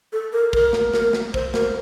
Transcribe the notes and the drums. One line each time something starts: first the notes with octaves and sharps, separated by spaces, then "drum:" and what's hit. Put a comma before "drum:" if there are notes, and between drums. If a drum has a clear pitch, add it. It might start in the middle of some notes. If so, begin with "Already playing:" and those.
A4
A#4
A#4, drum: kick
drum: snare
A#4, drum: snare
drum: snare
C5, drum: kick
A#4, drum: snare